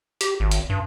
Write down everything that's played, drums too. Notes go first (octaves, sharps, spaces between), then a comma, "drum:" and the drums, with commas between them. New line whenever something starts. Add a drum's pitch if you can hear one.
G4, drum: hi-hat
G#1
drum: hi-hat
G2